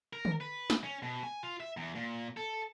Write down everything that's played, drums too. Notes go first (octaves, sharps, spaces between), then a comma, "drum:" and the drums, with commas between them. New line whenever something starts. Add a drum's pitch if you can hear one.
A#4
drum: tom D3
B4
drum: snare
C#4
B2
G#5
F4
E5
E2
A#2
A4